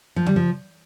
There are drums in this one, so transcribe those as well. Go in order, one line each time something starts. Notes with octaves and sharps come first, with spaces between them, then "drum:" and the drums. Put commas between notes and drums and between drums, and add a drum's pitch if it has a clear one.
F3
G3, drum: tom C#3
F3